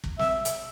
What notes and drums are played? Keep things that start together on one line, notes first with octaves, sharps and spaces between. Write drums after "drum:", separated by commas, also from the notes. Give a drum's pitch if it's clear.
drum: kick
E5, drum: snare
drum: hi-hat